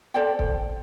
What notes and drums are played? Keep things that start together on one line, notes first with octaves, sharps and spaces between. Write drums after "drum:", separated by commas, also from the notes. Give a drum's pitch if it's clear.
A4 C5 D5 G5
drum: kick C#1